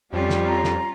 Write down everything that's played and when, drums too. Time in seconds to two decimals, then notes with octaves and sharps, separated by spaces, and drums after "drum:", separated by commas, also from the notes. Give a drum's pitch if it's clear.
0.13 F2 G3 C#4 F4
0.30 drum: snare
0.47 A#5
0.64 drum: snare